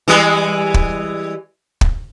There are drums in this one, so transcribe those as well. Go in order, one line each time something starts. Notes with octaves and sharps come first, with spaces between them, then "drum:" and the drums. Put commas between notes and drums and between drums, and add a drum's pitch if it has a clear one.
E3 G3 G#3
drum: kick
drum: kick